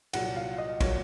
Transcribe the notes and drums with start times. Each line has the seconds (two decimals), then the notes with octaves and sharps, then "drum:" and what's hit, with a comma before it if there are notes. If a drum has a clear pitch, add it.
0.13 C2 A#2 F#3 F#5, drum: cymbal
0.36 F5
0.58 D#5
0.81 A#2 F#3 C#5, drum: kick, cymbal